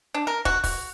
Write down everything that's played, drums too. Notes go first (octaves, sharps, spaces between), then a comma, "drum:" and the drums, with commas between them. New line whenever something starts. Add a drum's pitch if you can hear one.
D4
A#4
F#4, drum: kick
F#4, drum: kick, open hi-hat